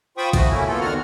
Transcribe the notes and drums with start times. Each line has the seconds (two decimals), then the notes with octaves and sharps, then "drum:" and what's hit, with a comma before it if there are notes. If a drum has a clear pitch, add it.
0.17 F4 C5 G5 B5 C#6 D#6
0.33 A3 F#4, drum: kick A#1, cymbal
0.50 A3 A#3 C#4 E4
0.68 A#3 B3 F4 A4
0.81 E2 D3 D#3 F#4 F#5 F6